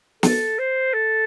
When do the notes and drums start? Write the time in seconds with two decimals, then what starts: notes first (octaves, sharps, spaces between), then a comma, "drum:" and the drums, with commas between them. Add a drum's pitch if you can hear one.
0.23 A4, drum: snare
0.59 C5
0.93 A4